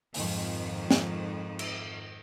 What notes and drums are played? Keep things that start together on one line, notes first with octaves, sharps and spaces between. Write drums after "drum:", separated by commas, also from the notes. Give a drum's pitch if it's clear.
F2 G#2 D#3, drum: open hi-hat
drum: snare
drum: cymbal